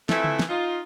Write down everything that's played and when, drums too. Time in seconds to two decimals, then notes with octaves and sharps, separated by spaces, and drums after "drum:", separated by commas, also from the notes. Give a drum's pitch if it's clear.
0.09 E3 F3 A3 C4 E4, drum: snare
0.24 drum: tom C#3
0.39 drum: snare
0.49 D#4 F4